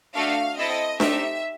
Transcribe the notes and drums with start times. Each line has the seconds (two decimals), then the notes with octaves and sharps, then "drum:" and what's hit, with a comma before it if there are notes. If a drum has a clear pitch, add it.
0.15 A3 D4 F#4 A4 F5
0.57 C4 E4 A4 D#5
1.00 A3 C4 D#4 G4 E5, drum: snare D4